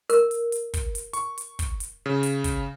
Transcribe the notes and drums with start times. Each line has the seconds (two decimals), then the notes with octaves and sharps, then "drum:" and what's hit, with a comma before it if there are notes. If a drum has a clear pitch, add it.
0.10 A#4, drum: hi-hat
0.31 drum: hi-hat
0.52 drum: hi-hat
0.74 drum: kick, hi-hat
0.95 drum: hi-hat
1.13 C#6, drum: hi-hat
1.38 drum: hi-hat
1.59 drum: kick, hi-hat
1.80 drum: hi-hat
2.06 C#3
2.23 drum: hi-hat
2.44 drum: kick, hi-hat